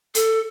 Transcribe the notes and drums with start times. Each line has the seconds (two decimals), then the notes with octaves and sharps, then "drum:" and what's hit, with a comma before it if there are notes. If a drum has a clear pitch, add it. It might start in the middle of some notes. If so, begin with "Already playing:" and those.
0.15 A4, drum: hi-hat